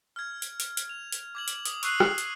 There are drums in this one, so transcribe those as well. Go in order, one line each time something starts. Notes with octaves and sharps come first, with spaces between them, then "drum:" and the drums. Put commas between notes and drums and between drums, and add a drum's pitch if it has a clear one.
F6 G#6
drum: hi-hat
drum: hi-hat
drum: hi-hat
F7
drum: hi-hat
D6 G#6 F#7
drum: hi-hat
D#6, drum: hi-hat
C#6 E6 F#6 C7 D#7 F#7, drum: hi-hat
drum: rim click
drum: hi-hat